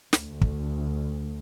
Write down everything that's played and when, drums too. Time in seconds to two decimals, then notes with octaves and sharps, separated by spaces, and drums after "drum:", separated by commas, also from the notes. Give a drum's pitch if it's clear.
0.13 D2, drum: snare
0.41 drum: kick